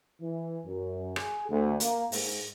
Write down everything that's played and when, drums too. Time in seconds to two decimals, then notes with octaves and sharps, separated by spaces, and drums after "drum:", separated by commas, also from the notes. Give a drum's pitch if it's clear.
0.20 E3
0.66 F#2
1.16 G#4, drum: rim click
1.49 D2
1.80 A#3, drum: hi-hat
2.12 G#2, drum: open hi-hat